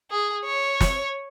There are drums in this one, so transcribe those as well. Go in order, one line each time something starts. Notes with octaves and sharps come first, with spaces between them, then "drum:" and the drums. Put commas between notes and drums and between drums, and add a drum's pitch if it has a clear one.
G#4
C#5
drum: snare